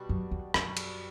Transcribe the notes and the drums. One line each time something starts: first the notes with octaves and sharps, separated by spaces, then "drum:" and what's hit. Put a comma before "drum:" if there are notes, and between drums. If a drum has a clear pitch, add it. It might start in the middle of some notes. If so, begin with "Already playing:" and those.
Already playing: B2 G3 D4 F#4
F#2
E2
F#2 B2 G3 D4 F#4, drum: rim click
drum: cymbal